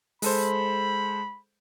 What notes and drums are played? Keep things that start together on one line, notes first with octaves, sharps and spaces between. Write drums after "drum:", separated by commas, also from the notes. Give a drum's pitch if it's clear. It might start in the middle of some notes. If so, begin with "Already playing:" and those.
G#3 A4 C5 B5, drum: open hi-hat